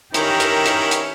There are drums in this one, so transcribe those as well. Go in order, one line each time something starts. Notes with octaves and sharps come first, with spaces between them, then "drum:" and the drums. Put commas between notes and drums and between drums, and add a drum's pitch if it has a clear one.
D#3 C#4 E4 G4 A#4, drum: hi-hat
drum: hi-hat
drum: hi-hat
drum: hi-hat